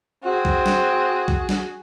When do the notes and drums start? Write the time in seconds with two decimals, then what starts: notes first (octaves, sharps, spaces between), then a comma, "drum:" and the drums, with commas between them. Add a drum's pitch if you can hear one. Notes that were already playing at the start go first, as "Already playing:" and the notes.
0.24 C4 F#4 G#4
0.45 drum: kick B1
0.66 drum: snare
1.28 drum: kick B1
1.49 drum: snare